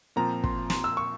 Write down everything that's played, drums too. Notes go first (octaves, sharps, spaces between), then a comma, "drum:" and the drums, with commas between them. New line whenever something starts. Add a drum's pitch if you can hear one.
A#2 F3 C4 A#5
C6, drum: kick
C6, drum: snare
E6
C#6